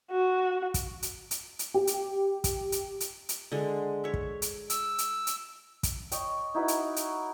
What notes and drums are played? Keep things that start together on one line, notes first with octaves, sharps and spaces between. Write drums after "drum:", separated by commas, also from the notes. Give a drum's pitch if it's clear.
F#4
drum: kick, hi-hat
drum: hi-hat
drum: hi-hat
drum: hi-hat
G4
drum: hi-hat
drum: kick, hi-hat
drum: hi-hat
drum: hi-hat
drum: hi-hat
D3 G#3
C#5 E5
drum: kick
drum: hi-hat
E6, drum: hi-hat
drum: hi-hat
drum: hi-hat
drum: kick, hi-hat
C#5 D#5 G5, drum: hi-hat
D#4 E4 F#4 B4
drum: hi-hat
drum: hi-hat